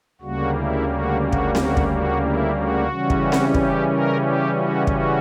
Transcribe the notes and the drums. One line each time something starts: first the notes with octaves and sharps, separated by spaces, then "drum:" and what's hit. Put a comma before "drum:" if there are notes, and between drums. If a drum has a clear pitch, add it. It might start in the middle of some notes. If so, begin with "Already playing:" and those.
D2 C#3 G3 A#3 F#4
E4
F#4
F#4
drum: kick
F#4, drum: snare C4
drum: kick
F#4
E4
F#4
C#3 E3 G3 C#4
drum: kick
drum: snare C4
G4, drum: kick
A#4
G4
F#4
F#4, drum: kick